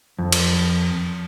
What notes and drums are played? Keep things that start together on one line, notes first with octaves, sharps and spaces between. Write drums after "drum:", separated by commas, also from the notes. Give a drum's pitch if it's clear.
F2
drum: cymbal